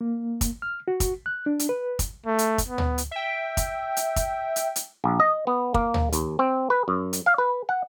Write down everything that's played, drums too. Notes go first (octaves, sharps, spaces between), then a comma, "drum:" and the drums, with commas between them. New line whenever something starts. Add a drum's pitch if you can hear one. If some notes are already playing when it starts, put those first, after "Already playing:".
A#3
drum: kick, hi-hat
F6
F#4
drum: kick, hi-hat
F#6
D4
drum: hi-hat
B4
drum: kick, hi-hat
A3
drum: hi-hat
drum: kick, hi-hat
B3
drum: tom
drum: hi-hat
E5 G5
drum: kick, hi-hat
drum: hi-hat
drum: kick, hi-hat
drum: hi-hat
drum: hi-hat
A#1
D#5
B3
A#3, drum: kick
drum: tom
D#2, drum: hi-hat
C4
B4
F#2
drum: hi-hat
F5
B4
F#5